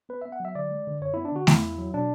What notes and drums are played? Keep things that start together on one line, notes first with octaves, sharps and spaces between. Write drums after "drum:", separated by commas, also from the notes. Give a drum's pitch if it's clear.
B3 B4
B3 E5
F#5
F#3 E5
D3 D5
G#3
D3
F#2 C#5
B3 E4
D4
D3 F#4
E2 E4, drum: snare A3
E2
F#3
B2 D4